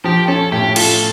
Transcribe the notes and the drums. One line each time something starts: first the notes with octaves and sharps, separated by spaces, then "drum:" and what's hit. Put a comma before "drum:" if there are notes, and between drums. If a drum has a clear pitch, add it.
F3 G4
C#4 A4
A2 G4
F4 A4, drum: cymbal